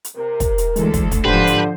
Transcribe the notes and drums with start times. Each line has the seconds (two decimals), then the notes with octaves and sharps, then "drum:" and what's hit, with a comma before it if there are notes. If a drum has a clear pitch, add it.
0.05 drum: hi-hat
0.17 C3 A#4
0.40 drum: kick, hi-hat
0.58 drum: hi-hat
0.76 D2 E3 G#3 A4, drum: hi-hat
0.94 drum: kick, hi-hat
1.12 drum: kick, hi-hat
1.25 G#2 D3 F3 G4 B4 C5
1.47 drum: hi-hat